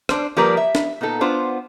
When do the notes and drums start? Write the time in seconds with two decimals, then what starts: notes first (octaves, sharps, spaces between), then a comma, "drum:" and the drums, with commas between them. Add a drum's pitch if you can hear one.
0.09 D4 C5, drum: rim click
0.36 F3 G3 A#3 A#4 B4 D5
0.57 E5
0.75 drum: snare
1.01 A#2 B3 D#4 A4
1.21 B3 D4 F4 C5